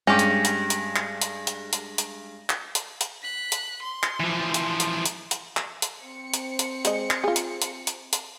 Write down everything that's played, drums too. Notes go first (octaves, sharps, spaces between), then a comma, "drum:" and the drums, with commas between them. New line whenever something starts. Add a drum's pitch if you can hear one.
G2 G#3 C#4 G4 A#6
drum: hi-hat
drum: hi-hat
drum: hi-hat
drum: clap
drum: hi-hat
drum: hi-hat
drum: hi-hat
drum: hi-hat
drum: clap
drum: hi-hat
drum: hi-hat
F#6 B6
drum: hi-hat
C6
drum: clap
E3 F3
drum: hi-hat
drum: hi-hat
drum: hi-hat
drum: hi-hat
drum: clap
drum: hi-hat
C4 C#7
drum: hi-hat
drum: hi-hat
G#3 D#5, drum: hi-hat
drum: clap
F4 G#4
drum: hi-hat
drum: hi-hat
drum: hi-hat
drum: hi-hat